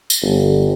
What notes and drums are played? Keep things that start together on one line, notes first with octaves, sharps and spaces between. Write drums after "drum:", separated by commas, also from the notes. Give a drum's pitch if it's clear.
drum: tambourine
G1